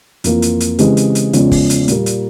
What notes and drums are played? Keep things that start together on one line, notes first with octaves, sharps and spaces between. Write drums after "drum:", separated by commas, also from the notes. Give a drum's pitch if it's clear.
F2 E3 A#3 F4, drum: hi-hat
drum: hi-hat
drum: hi-hat
C#3 E3 G#3 C4 G4, drum: hi-hat
drum: hi-hat
drum: hi-hat
E2 C#3 F3 G#3 C#4, drum: hi-hat
drum: kick, open hi-hat
drum: hi-hat
A#2 G3 A#3, drum: hi-hat
drum: hi-hat